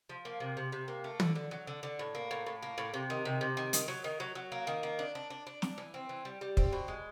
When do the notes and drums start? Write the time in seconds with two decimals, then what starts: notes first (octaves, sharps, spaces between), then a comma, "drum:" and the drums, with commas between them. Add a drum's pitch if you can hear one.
0.09 F3
0.25 A#3
0.40 C3
0.57 C3
0.72 C3
0.88 A#3
1.04 A3
1.20 D3, drum: tom
1.35 D3
1.51 F#3
1.67 D3
1.83 D3
1.99 A2
2.15 A#3
2.31 A2
2.47 A2
2.62 A#3
2.78 A2
2.94 C3
3.10 D#3
3.25 C3
3.41 C3
3.57 D#3
3.73 D#3, drum: hi-hat
3.88 F#3
4.04 D#3
4.20 F#3
4.35 F#3
4.52 A#3
4.67 D#3
4.83 A#3
4.99 D4
5.15 D4
5.30 D4
5.47 D4
5.62 D4, drum: snare
5.78 E3
5.94 C4
6.09 E3
6.25 G3
6.41 G3
6.57 C4, drum: kick
6.73 B2
6.88 G#3